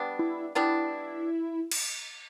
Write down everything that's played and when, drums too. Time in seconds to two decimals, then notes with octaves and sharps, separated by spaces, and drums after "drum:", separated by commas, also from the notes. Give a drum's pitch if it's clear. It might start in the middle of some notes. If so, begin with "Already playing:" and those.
Already playing: G3 B3 D4
0.19 E4
0.55 G3 B3 D4 E4
1.71 drum: cymbal